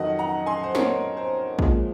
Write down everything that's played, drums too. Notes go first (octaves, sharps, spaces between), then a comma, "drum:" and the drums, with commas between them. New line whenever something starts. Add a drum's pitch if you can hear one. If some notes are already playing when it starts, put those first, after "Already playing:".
Already playing: F2 D#3 F#3 D#5 F#5
F#5 A#5
G#5 C6
C5
A#4 C#5, drum: snare
C5
A#2 F3 G#3, drum: kick